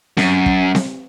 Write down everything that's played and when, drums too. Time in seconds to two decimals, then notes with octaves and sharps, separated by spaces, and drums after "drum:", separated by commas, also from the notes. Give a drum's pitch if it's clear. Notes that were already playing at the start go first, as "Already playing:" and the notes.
0.17 F#2, drum: snare C4
0.46 drum: kick
0.75 drum: snare C4